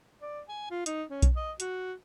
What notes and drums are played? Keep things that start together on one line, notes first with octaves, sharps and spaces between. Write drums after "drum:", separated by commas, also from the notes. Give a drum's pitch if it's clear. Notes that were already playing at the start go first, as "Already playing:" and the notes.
D5
G#5
F4
D#4, drum: hi-hat
C#4
drum: kick B1, hi-hat
D#5
F#4, drum: hi-hat